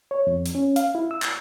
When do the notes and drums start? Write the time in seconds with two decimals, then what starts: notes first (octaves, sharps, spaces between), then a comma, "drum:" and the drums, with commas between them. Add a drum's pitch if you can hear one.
0.11 C#5
0.27 F2
0.46 drum: hi-hat
0.55 C#4
0.76 F5, drum: hi-hat
0.95 E4
1.11 E6
1.22 drum: clap